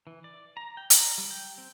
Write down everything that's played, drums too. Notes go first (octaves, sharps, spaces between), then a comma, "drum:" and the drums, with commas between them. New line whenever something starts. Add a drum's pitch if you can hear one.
E3
D5
A#5
G5
A#5, drum: hi-hat
G3
G5
C4